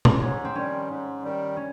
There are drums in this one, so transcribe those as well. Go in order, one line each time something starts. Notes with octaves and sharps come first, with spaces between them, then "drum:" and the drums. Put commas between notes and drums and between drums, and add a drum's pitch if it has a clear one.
drum: tom A#2
G#2 C#4
C4
D#3 G3 C#4
G#2
D#3 G3
C#4